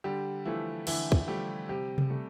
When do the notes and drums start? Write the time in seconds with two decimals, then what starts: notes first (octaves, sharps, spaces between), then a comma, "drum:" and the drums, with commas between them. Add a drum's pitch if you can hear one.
0.04 D3 G3 G4
0.45 E3 F3 A3 E4
0.87 D3 E3 E4, drum: cymbal
1.12 drum: kick
1.28 F3 G3 A3 G4
1.69 C3 G3 G4
1.98 drum: tom C3
2.10 G3 A3 A4